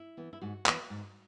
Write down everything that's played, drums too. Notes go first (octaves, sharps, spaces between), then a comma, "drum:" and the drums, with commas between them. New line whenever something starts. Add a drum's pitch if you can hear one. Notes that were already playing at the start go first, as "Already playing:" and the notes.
Already playing: E4
E3 B3
E4
G#2 F#4
E3 B3, drum: clap
G#2